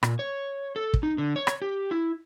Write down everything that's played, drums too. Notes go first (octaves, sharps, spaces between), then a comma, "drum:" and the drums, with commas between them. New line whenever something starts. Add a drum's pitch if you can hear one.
A#2, drum: rim click
C#5
A4
drum: kick
D#4
D3
C#5
drum: rim click
G4
E4